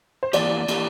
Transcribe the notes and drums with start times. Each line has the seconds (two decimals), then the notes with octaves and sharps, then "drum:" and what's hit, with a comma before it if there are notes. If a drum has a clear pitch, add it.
0.23 C5
0.33 E2 E3 A#3 E4 G4 D5, drum: cymbal
0.68 E3 A#3 E4 G4, drum: cymbal